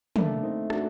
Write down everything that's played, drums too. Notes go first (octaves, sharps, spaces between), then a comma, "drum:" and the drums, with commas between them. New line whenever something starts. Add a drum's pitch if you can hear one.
A3 A#3 D4, drum: tom
C4 D#4
D4 F#4, drum: rim click